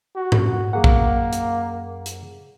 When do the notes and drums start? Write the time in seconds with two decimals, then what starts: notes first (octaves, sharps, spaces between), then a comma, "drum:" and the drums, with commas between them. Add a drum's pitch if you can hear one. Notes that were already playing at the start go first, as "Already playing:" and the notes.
0.16 F#4
0.32 drum: tom G#2
0.73 F#2 A#3 G#4 F#5
0.84 drum: kick
1.33 drum: hi-hat
2.06 drum: hi-hat